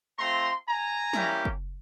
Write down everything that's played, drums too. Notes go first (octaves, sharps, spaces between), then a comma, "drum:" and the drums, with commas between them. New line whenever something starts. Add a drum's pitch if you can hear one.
A3 C4 F4 A#5 C6
G#5 A#5
G3 A#3 C#4 E4 G4, drum: snare
drum: kick F#1